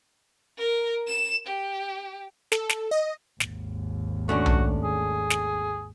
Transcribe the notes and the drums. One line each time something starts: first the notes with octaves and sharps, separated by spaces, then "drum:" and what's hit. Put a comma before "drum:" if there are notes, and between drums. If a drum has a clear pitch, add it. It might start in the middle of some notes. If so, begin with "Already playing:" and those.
A#4
E7
G4
A4, drum: snare
drum: snare
D#5
G#1 D#2, drum: snare
A3 C#4 D4 F#4
drum: tom B1
G#4
drum: snare